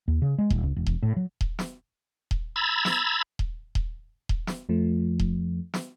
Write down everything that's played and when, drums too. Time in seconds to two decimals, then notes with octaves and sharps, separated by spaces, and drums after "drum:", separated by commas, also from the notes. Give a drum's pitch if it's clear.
0.08 D#2
0.22 C#3
0.38 G#3
0.50 D#1, drum: kick D#1
0.63 C#2
0.76 E1
0.86 drum: kick D#1
1.03 A2
1.16 F#3
1.41 drum: kick D#1
1.59 drum: snare
2.31 drum: kick D#1
2.56 A#5 B5 E6 G#6 A6
2.85 drum: snare
3.39 drum: kick D#1
3.75 drum: kick D#1
4.29 drum: kick D#1
4.47 drum: snare
4.69 F2 F3 A3
5.19 drum: kick D#1
5.74 drum: snare